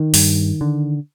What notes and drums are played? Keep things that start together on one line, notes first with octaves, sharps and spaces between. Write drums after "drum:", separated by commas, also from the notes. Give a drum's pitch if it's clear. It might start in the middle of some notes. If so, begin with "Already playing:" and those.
Already playing: D#3
G2, drum: open hi-hat
D3